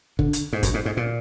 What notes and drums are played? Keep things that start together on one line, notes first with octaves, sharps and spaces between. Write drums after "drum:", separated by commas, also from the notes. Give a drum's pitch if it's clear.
D3, drum: kick
drum: hi-hat
G#2
F#2, drum: kick, hi-hat
G#2
G#2
A#2